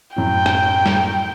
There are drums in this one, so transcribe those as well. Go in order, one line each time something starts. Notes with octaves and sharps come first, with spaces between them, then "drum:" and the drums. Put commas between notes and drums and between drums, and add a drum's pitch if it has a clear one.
F#2 A2 G5
drum: rim click
drum: snare